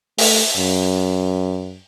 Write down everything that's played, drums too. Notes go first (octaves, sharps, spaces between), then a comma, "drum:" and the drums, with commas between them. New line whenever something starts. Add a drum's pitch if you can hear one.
A3, drum: open hi-hat
F#2